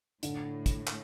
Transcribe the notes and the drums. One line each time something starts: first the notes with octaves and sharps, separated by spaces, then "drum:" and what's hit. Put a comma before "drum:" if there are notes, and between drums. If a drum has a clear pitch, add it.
A2 D3, drum: hi-hat
drum: kick, hi-hat
drum: clap